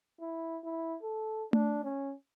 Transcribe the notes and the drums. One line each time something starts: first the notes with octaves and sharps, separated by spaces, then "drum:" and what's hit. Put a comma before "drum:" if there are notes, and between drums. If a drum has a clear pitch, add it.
E4
E4
A4
D4, drum: tom A3
C#4